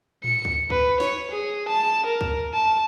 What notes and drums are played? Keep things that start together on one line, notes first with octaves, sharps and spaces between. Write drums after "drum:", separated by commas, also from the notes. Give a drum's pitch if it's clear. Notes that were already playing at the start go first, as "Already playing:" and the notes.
C#7, drum: tom A2
drum: kick C#2
B4, drum: kick C#2
C#5, drum: snare
G#4
A5
A#4
drum: kick C#2
A5